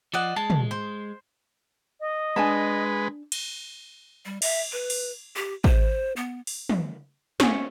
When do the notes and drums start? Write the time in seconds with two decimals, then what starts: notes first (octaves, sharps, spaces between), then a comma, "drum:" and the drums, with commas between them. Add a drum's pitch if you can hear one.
0.13 F3 D5 D#5 F#5
0.36 G#3 A5
0.50 drum: tom
0.71 C5
2.00 D#5
2.36 G#3 D4 B4 G#5 A5
3.32 drum: cymbal
4.25 G3
4.42 E5, drum: cymbal
4.72 B4
4.90 drum: open hi-hat
5.36 G4
5.64 C5, drum: kick
6.16 B3
6.47 drum: open hi-hat
6.69 drum: tom
7.40 C#4, drum: snare